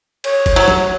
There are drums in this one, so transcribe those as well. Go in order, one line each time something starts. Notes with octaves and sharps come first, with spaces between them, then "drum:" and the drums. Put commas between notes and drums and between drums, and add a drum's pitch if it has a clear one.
C#5, drum: cymbal
drum: kick, cymbal
F#3
drum: snare